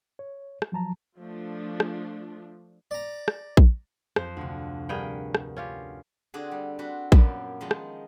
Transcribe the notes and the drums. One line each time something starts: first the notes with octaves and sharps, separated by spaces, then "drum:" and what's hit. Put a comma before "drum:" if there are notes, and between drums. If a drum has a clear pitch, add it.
C#5
drum: rim click
F3 F#3 A5 A#5
F3 A3 D4
drum: rim click
D5 A#5
drum: rim click
drum: kick
F2 C5, drum: rim click
D2 C3
G2 G#4 A#4 F#5 G5 B5
drum: rim click
C#4 F4 G4
D3 C4 D4 F#4 G#4
G3
C4 D4 F#4 B4
F#2 A#2 F3 B3 C#4 A5, drum: kick
D#3 F3 G#3 D#4
drum: rim click